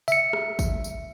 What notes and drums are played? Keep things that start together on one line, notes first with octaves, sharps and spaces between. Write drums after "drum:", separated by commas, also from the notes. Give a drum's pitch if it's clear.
E5 C#7, drum: tambourine
drum: rim click
drum: kick, tambourine
drum: tambourine